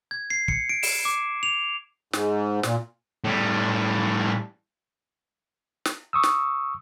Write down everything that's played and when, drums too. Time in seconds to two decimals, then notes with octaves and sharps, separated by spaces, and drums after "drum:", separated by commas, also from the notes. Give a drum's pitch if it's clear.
0.11 G#6
0.30 C7
0.48 C#7, drum: kick
0.69 D7
0.83 E7, drum: open hi-hat
1.05 D6
1.43 F7
2.13 G#2, drum: snare
2.63 A#2, drum: snare
3.24 A2 G3
5.85 drum: snare
6.13 C#6 D#6 E6
6.23 drum: snare